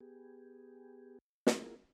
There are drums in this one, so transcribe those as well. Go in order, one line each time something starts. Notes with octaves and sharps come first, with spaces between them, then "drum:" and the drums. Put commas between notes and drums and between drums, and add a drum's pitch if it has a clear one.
B3 G4 G#4
A#3 E4 F4 G#4 A#4, drum: snare